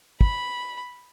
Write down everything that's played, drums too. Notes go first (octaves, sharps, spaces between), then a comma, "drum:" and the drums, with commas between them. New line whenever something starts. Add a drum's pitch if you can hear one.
B5, drum: kick